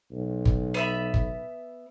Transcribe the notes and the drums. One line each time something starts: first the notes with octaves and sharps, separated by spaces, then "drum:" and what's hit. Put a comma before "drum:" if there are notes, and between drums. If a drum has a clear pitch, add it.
B1
drum: kick G1
B3 E5 B5
drum: kick G1